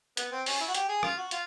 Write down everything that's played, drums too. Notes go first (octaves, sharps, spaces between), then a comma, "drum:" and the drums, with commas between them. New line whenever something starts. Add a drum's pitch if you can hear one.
B3, drum: hi-hat
C4
C#4, drum: open hi-hat
E4
F#4
G4, drum: hi-hat
G#4
F4, drum: rim click
F#4
F4, drum: hi-hat